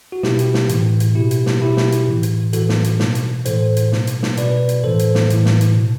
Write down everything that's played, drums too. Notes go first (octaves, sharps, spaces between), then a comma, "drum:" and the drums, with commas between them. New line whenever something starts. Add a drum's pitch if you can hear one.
F#4
B2 E4 G4, drum: snare
drum: hi-hat
drum: snare
A2 E3, drum: hi-hat
drum: hi-hat
B2 E4 G4
drum: hi-hat
drum: snare
B2 E4 G4
drum: snare
drum: hi-hat
A2 E3
drum: hi-hat
A2 E3 F#4 A4, drum: hi-hat
drum: snare
drum: hi-hat
B2, drum: snare
drum: hi-hat
A2 E3 A4 C5, drum: hi-hat
drum: hi-hat
B2, drum: snare
drum: hi-hat
drum: snare
B2 B4 D5, drum: hi-hat
drum: hi-hat
A2 E3 A4 C5
drum: hi-hat
drum: snare
A2 E3, drum: hi-hat
drum: snare
drum: hi-hat
B2